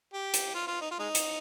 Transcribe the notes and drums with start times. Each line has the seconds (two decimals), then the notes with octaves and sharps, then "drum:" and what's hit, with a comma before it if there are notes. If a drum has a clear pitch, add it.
0.14 G4
0.34 drum: hi-hat
0.54 F4
0.67 F4
0.81 D#4
0.91 F4
0.99 G#3 D#4
1.15 drum: hi-hat